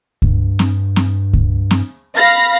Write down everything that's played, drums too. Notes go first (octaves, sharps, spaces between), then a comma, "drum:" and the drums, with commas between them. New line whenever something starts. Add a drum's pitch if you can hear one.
G2, drum: kick C#2
drum: snare C4
drum: snare C4
drum: kick C#2
drum: snare C4
F5 B5 A#6